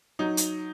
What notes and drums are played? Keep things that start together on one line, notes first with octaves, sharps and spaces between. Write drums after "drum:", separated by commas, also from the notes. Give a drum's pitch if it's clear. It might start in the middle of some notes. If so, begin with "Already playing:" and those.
F#3 D#4
drum: hi-hat